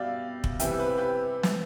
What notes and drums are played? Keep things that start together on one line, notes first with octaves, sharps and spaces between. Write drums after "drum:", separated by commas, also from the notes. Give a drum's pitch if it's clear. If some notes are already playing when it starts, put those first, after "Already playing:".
Already playing: B2 G3 D5 E5 F5 G5
drum: kick
C3 E3 G3 E5 G5, drum: hi-hat
G4 B4
G4 B4
drum: snare